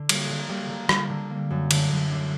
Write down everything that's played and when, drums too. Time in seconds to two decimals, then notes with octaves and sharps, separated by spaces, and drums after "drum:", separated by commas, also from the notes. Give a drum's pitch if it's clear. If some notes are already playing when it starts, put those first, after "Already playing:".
Already playing: D3
0.09 G3 A#3, drum: cymbal
0.30 D3
0.49 G3 A#3
0.69 D3
0.89 G3 A#3, drum: rim click
1.10 D3
1.30 A#3
1.35 G3
1.50 F#2
1.71 D3 A3 D4, drum: cymbal
1.91 F#2
2.11 D3 A3 D4